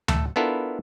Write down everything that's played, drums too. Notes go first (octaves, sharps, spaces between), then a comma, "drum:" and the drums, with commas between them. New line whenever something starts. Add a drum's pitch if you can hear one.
A3 A4, drum: tom D2
B3 D4 E4 F4 A4 A#4